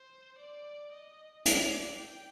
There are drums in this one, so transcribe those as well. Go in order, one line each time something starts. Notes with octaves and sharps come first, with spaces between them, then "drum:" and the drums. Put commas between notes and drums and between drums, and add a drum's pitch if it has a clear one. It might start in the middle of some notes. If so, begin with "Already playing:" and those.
Already playing: C5
D5
D#5
D5, drum: hi-hat
G5